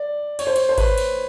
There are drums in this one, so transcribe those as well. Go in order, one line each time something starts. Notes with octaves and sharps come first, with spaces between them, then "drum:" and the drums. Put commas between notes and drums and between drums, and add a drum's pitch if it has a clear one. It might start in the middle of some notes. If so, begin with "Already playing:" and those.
Already playing: D5
C#5, drum: cymbal
C5
C#5, drum: cymbal
C5
B4, drum: kick G#1, cymbal
drum: cymbal